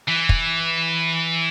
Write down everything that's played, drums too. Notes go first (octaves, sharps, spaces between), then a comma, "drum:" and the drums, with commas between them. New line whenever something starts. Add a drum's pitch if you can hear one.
E3
drum: kick